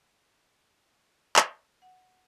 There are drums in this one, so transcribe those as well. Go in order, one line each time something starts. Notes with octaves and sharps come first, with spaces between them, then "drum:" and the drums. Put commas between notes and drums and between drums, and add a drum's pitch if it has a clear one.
drum: clap
F#5